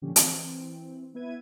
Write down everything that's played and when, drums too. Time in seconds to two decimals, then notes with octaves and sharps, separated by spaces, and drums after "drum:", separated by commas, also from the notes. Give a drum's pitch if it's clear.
0.02 A#2 D3 F3 C#4 G4
0.16 E3 C4, drum: hi-hat
1.14 B3 E4 B4 E5 G#6 D#7